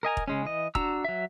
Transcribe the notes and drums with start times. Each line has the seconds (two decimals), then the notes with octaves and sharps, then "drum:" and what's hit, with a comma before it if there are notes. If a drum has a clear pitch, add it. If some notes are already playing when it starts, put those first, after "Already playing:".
0.03 A#4 D#5 G#5 A#5
0.17 drum: kick
0.28 C#3 G#3 C#4
0.45 E3 D#5
0.75 D4 F#4 A#5 E6, drum: kick
1.04 F#3 E5